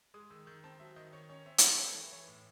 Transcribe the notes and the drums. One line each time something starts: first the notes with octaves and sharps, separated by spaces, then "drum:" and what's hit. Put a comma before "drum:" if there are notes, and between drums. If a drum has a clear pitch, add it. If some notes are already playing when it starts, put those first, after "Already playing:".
G#3 D#6
D#3 E6
D#3 E6
C4 A5
F#3 E5
D#3 D#5
D#3 C#5
C#4 C#5
C4 E5
C4 C5, drum: hi-hat
C#5
E3
A4
E3
E3 C#5
A2